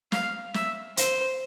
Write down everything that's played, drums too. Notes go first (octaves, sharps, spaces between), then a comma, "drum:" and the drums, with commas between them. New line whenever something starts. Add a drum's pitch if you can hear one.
F5, drum: snare
E5, drum: snare
C5, drum: hi-hat